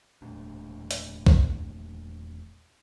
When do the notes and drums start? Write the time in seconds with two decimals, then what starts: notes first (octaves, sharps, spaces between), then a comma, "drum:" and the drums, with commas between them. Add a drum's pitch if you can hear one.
0.22 E1 A#2 A3 D4
0.91 drum: hi-hat
1.27 drum: kick B1